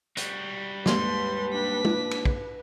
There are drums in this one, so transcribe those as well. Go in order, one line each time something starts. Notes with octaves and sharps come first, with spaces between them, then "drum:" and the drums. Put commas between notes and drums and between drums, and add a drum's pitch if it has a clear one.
G3 F#4, drum: hi-hat
D#2 G#2 B4 C6, drum: snare
D4 B6
drum: tom
drum: cymbal
drum: kick